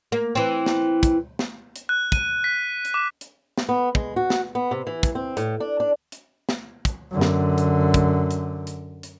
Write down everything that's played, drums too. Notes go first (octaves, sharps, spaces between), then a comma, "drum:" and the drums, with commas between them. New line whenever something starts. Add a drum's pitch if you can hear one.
A#3
E3 C4
drum: snare
drum: kick, hi-hat
drum: snare
drum: hi-hat
F#6
D#7, drum: kick, hi-hat
B6
drum: hi-hat
D6
drum: hi-hat
drum: snare
B3
G#3, drum: kick
F#4
drum: snare
B3
C3
E3
drum: kick, hi-hat
C4
A2, drum: hi-hat
D4
D4
drum: hi-hat
drum: snare
drum: kick, hi-hat
F#2 D3
drum: snare
drum: hi-hat
drum: kick, hi-hat
drum: hi-hat
drum: hi-hat
drum: hi-hat